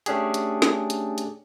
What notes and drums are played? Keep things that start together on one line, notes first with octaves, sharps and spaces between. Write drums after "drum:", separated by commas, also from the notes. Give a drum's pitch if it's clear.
A3 C#4 D4 G4 G#4, drum: hi-hat
drum: hi-hat
drum: snare
drum: hi-hat
drum: hi-hat